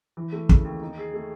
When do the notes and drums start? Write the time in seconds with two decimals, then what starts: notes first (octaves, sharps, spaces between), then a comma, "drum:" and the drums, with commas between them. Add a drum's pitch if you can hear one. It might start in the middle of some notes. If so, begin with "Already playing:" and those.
0.17 E3
0.32 A3
0.49 C#3, drum: kick
0.65 D#2
0.81 D#4
0.98 G#4
1.14 A3